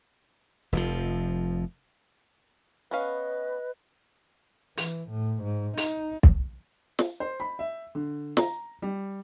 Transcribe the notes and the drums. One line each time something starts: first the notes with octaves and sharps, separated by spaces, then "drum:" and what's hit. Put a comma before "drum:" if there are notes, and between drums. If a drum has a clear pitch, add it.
F1 F2 A#2 F3
B3 C#4 B4 D#5 F5
E3, drum: open hi-hat
A2
G#2
D#4, drum: open hi-hat
drum: kick
drum: snare
C5
B5
E5
D3
A#5, drum: snare
G3